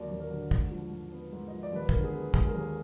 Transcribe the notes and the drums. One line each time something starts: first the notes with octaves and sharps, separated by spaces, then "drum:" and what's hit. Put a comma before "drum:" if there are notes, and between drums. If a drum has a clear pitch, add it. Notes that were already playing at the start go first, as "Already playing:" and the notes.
Already playing: D#2 D3 F#3 A#3 F#4 D5
D#2
A#4
D3
G#2, drum: kick
F3
G#2
B3
G#2
F3 D#5
D5
D#2 B4
D3 A#4, drum: kick
G#4
B3
G#3 G#4, drum: kick
A#4
D#2 G#4